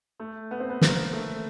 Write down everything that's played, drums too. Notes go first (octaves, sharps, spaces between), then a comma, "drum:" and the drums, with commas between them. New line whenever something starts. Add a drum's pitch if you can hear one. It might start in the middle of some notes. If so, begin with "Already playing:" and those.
A3
B3
C4
B3
A#3, drum: snare
A3